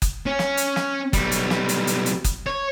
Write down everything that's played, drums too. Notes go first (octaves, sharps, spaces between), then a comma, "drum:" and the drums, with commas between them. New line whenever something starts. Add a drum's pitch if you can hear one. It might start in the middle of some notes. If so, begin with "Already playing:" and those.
drum: kick F#1, hi-hat
C#4
drum: snare
drum: hi-hat
drum: snare
B1 G3, drum: kick F#1, hi-hat
drum: hi-hat
drum: snare
drum: hi-hat
drum: hi-hat
drum: hi-hat
drum: kick F#1, hi-hat
C#5